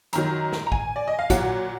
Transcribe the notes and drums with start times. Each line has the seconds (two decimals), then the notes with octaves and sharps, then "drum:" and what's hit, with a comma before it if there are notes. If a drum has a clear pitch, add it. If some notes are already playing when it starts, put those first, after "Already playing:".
0.13 F#2 D#3 F#3 A#5, drum: hi-hat
0.52 drum: snare
0.67 A#5
0.72 G#5, drum: kick
0.96 D5
1.08 D#5
1.19 F5
1.30 A#2 F#3 F#5, drum: kick, hi-hat